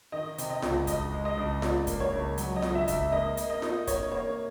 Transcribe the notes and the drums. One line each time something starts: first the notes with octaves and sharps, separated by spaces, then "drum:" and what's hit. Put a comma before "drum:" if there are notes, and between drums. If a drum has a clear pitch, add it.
D#3 D#5
C3, drum: hi-hat
D#5
C#2, drum: snare F4
C#2 D#5, drum: kick, hi-hat
G#3
D#5
C#2
C#2 D5, drum: snare F4
A#3, drum: kick, hi-hat
C#5
C#2
F#3, drum: hi-hat
D#5
C#2, drum: snare F4
E5
C#2, drum: kick, hi-hat
A#3 D#5
A#3, drum: hi-hat
D#5
D#4, drum: snare F4
A#3 C#5, drum: kick, hi-hat
A#3 C#5